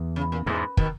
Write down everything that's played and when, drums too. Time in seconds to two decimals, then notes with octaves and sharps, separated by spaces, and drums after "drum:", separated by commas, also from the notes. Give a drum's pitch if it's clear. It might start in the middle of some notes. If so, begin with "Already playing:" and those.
Already playing: E2
0.16 C#3
0.32 A#2
0.46 E2 G#2 B2
0.77 B2 D#3, drum: kick